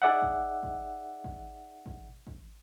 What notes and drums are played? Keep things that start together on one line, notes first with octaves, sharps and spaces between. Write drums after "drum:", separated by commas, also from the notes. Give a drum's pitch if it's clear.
D#4 G#4 D5 E5 F#5
drum: kick
drum: kick
drum: kick
drum: kick
drum: kick